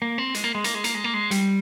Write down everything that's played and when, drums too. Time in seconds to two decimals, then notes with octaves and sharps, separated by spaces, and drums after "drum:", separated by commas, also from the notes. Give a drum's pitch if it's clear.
0.02 A#3
0.18 C4
0.34 G#3, drum: hi-hat
0.44 A#3
0.55 G#3
0.64 A#3, drum: hi-hat
0.74 G#3
0.84 A#3, drum: hi-hat
0.95 G#3
1.04 A#3
1.14 G#3
1.31 G3, drum: hi-hat